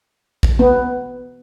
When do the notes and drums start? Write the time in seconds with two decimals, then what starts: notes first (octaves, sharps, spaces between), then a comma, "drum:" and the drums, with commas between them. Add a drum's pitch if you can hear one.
0.43 drum: kick
0.59 B3